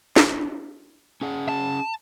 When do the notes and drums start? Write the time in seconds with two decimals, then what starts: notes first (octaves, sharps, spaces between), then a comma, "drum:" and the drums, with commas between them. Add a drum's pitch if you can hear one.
0.16 drum: snare
1.21 C#4 G#4 F#5
1.49 A5